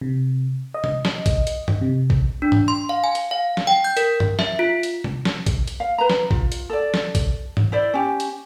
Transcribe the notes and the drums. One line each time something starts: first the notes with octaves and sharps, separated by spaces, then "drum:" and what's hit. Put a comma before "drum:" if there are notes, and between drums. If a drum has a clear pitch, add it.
C3
D#5
drum: tom B2
drum: snare
drum: kick, hi-hat
drum: hi-hat
drum: tom G2
C3
drum: kick
D4
drum: tom G#2
C6
F5
G#5
drum: hi-hat
F5
drum: snare
G5
G6
A#4, drum: hi-hat
drum: tom G2
E5, drum: snare
F4
drum: hi-hat
drum: tom B2
drum: snare
drum: kick, hi-hat
drum: hi-hat
F5
B4 A#5
drum: snare
F4, drum: kick
drum: hi-hat
A4 D5
drum: snare
drum: kick, hi-hat
drum: tom G#2
E4 C5 D5
C#4 G4
drum: hi-hat